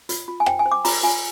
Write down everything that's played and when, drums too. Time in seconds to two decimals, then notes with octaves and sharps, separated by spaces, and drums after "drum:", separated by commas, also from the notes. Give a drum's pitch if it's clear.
0.09 F4, drum: hi-hat
0.28 F4
0.40 G#5
0.46 C5 G5, drum: rim click
0.59 G#5
0.66 C5
0.72 D6
0.85 F4 A#5, drum: open hi-hat
1.03 F4 G#5